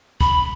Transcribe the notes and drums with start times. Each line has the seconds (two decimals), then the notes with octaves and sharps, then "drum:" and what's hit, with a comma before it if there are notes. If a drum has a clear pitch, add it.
0.21 B5, drum: kick